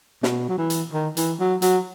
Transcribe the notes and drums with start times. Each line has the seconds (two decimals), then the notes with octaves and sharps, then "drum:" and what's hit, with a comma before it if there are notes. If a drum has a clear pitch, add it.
0.23 B2, drum: snare
0.49 F#3
0.58 E3
0.70 drum: hi-hat
0.93 D#3
1.17 E3, drum: hi-hat
1.40 F#3
1.62 F#3, drum: hi-hat